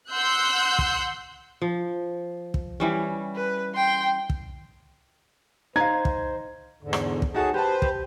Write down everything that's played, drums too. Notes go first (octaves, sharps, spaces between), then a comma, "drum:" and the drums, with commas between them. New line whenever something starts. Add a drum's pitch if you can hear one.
F#5 C6 E6 F#6 G6
drum: kick
F3
drum: kick
E3 G3 C#4
B4
G5 C6
drum: kick
D#4 C5 F5 A#5 G#6
drum: kick
E2 G#2 D3
drum: rim click
drum: kick
F#3 D#4 F#4 G#4 A4 A5
G4 B4 C5 A5
G4, drum: kick